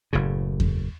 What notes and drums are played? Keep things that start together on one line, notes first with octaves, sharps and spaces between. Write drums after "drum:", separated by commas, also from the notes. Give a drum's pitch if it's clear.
F#1 A2 C#3
drum: kick E2